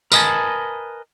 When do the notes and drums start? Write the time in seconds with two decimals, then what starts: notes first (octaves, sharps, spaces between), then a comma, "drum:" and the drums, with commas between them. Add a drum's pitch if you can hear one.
0.12 A#4 B4 D#5 F5 G#5 A5, drum: tambourine